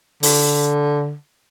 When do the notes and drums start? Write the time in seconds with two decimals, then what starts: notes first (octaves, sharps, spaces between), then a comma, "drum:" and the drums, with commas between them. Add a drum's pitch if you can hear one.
0.23 D3, drum: open hi-hat